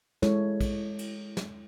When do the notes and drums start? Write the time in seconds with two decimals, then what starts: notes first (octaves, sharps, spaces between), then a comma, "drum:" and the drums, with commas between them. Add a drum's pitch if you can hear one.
0.22 G#3 E4 A4 C#5, drum: snare
0.61 drum: kick, cymbal
0.99 drum: cymbal
1.37 drum: snare